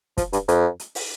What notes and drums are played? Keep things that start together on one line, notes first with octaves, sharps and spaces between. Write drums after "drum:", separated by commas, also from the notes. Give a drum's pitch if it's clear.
F3, drum: kick, hi-hat
G2, drum: hi-hat
F2, drum: hi-hat
drum: hi-hat
drum: open hi-hat